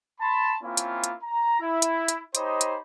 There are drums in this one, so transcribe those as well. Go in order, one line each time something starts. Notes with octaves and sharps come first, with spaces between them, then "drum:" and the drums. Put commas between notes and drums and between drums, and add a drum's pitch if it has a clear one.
A5 B5 C6
A#3 C4 C#4 E4 F4
drum: hi-hat
drum: hi-hat
A#5
E4
drum: hi-hat
drum: hi-hat
D#4 G4 C5 C#5 D#5 B5, drum: hi-hat
drum: hi-hat